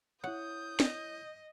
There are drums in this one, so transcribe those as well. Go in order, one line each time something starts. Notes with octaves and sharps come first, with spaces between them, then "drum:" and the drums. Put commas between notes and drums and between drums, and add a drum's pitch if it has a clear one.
E4 C#5 F#5 D#6 G6
D#5, drum: snare